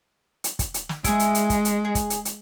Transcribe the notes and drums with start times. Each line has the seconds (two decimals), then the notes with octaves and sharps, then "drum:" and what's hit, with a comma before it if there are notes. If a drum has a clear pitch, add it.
0.44 drum: hi-hat
0.59 drum: kick, hi-hat
0.74 drum: hi-hat
0.89 drum: snare
1.04 G#3 E4 G#4, drum: kick, hi-hat
1.19 drum: hi-hat
1.35 drum: hi-hat
1.50 drum: kick, hi-hat
1.65 drum: hi-hat
1.85 G#4
1.95 drum: kick, hi-hat
2.10 drum: hi-hat
2.25 drum: hi-hat